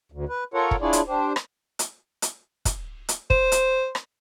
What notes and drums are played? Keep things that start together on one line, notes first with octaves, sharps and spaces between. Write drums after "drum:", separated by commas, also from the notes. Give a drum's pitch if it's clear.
D2
B4
F4 A4 A#4 C#5 F#5
drum: kick
D4 E4 F4 G#4 C#5 D5
drum: hi-hat
D4 G4 C5
drum: rim click
drum: hi-hat
drum: hi-hat
drum: kick, hi-hat
drum: hi-hat
C5, drum: kick
drum: hi-hat
drum: rim click